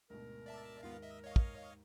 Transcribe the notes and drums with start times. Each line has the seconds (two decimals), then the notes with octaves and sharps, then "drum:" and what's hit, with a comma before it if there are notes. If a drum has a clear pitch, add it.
0.10 D2 G#2 B2 A#4
0.46 D5 E5 A5
0.83 D#2 G#2 B3 F4 F5
1.02 D#5 E5
1.24 C#5 D#5 F5
1.36 drum: kick